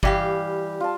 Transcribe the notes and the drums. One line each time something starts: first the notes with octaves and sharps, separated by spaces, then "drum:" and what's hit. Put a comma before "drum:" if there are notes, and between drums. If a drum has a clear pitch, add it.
E3 G3 G4 F5, drum: kick G1
F4 A5